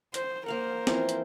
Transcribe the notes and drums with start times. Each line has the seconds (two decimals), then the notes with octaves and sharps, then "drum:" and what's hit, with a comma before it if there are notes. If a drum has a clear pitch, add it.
0.14 C5, drum: hi-hat
0.46 A#3 A#4 C5 F5 F#5
0.87 E3 F3 C4, drum: snare
1.09 drum: hi-hat